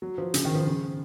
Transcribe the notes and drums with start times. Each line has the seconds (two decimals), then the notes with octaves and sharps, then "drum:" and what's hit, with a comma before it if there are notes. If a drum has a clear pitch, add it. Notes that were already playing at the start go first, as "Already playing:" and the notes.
0.02 F#3
0.18 F3
0.34 C#3, drum: hi-hat
0.45 D#3
0.55 F3
0.66 C#3